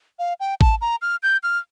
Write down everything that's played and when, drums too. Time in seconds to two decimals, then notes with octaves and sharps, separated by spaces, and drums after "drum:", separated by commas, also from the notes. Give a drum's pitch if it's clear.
0.19 F5
0.40 G5
0.61 A5, drum: kick A1
0.81 A#5
1.02 F6
1.23 G6
1.43 F6